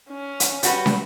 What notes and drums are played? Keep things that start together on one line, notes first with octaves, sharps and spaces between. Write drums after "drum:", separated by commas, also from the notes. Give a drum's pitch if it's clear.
C#4
drum: hi-hat
G3 F#4 B4, drum: hi-hat
drum: snare